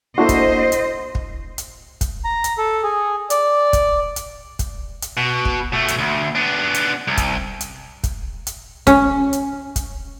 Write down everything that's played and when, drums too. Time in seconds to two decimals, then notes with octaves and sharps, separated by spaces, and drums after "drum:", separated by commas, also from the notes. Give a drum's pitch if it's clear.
0.18 A#3 D4 E4 F#4 A4 C5 D#5
0.29 drum: kick, hi-hat
0.72 drum: hi-hat
1.15 drum: kick
1.58 drum: hi-hat
2.01 drum: kick, hi-hat
2.24 A#5
2.44 drum: hi-hat
2.58 A4
2.83 G#4
3.30 D5, drum: hi-hat
3.73 drum: kick, hi-hat
4.16 drum: hi-hat
4.59 drum: kick, hi-hat
5.02 drum: hi-hat
5.17 B2
5.45 drum: kick
5.73 B2 A3
5.88 drum: hi-hat
5.99 D2
6.35 B3 D4
6.74 drum: hi-hat
7.07 C2
7.17 drum: kick, hi-hat
7.61 drum: hi-hat
8.04 drum: kick, hi-hat
8.47 drum: hi-hat
8.87 C#4, drum: kick, hi-hat
9.33 drum: hi-hat
9.76 drum: kick, hi-hat